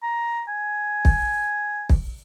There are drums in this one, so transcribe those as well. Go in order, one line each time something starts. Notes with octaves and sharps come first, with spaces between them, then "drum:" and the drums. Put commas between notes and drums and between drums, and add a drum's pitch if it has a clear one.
A#5
G#5
drum: kick
drum: kick